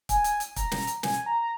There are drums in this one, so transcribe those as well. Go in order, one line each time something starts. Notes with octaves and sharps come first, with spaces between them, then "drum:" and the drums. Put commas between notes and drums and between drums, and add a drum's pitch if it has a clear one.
G#5, drum: kick, hi-hat
drum: hi-hat
drum: hi-hat
A#5, drum: kick, hi-hat
drum: snare
drum: hi-hat
G#5, drum: snare
A#5
A#5